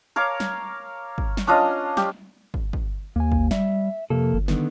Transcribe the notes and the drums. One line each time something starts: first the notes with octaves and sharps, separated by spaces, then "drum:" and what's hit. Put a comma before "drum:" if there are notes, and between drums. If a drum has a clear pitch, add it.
A#4 C#5 F5 D6
drum: snare
drum: kick
drum: snare
C#4 D4 F4 D#5
G4, drum: snare
drum: kick
drum: kick
D#2 A#3 G#5
drum: kick
G3 E5, drum: snare
F2 C3 A#3 A4
G1
D3 D#3 B3, drum: snare